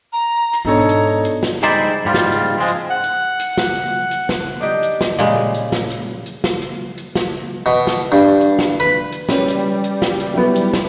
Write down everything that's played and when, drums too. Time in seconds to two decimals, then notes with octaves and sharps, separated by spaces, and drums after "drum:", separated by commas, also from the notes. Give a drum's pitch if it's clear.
0.13 A#5
0.53 drum: hi-hat
0.65 G#2 B2 D4 D#4 A4 C#5 A#5
0.89 drum: hi-hat
1.25 drum: hi-hat
1.43 drum: snare
1.63 G3 G#3 D#4 E4 C5 D5, drum: hi-hat
2.05 G#2 G3 F4
2.14 drum: snare
2.32 drum: hi-hat
2.58 F3 G#3 C4
2.68 drum: hi-hat
2.90 F#5
3.04 drum: hi-hat
3.40 drum: hi-hat
3.57 drum: snare
3.75 drum: hi-hat
4.11 drum: hi-hat
4.29 drum: snare
4.60 D4 D#4 G4
4.83 drum: hi-hat
5.01 drum: snare
5.19 A#2 C#3 G3 G#3, drum: hi-hat
5.54 drum: hi-hat
5.72 drum: snare
5.90 drum: hi-hat
6.26 drum: hi-hat
6.44 drum: snare
6.62 drum: hi-hat
6.98 drum: hi-hat
7.15 drum: snare
7.66 B2
7.87 drum: snare
8.12 G2
8.41 drum: hi-hat
8.59 drum: snare
8.80 B4
9.12 drum: hi-hat
9.29 G3 C#4 B4, drum: snare
9.48 drum: hi-hat
9.84 drum: hi-hat
10.02 drum: snare
10.20 drum: hi-hat
10.34 F#3 B3 E4
10.56 drum: hi-hat
10.73 drum: snare